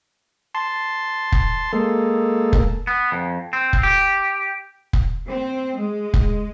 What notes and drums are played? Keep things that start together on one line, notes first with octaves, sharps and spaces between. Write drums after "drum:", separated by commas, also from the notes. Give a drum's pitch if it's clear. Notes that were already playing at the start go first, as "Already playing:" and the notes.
A5 C6
drum: kick
G#3 A#3 A4
drum: kick
B3
F2
C4
drum: kick
G4
drum: kick
C4
G#3
drum: kick